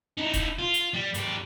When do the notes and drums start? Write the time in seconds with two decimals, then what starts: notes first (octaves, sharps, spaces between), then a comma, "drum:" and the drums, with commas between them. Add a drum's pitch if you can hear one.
0.18 D#4 E4
0.34 drum: kick, hi-hat
0.59 F4
0.74 drum: hi-hat
0.94 G3
1.14 G#2 G4, drum: hi-hat